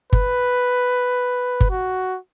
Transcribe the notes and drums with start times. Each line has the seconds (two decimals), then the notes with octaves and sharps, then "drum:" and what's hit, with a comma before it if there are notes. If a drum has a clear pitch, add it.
0.13 B4, drum: kick G1
1.60 drum: kick G1
1.70 F#4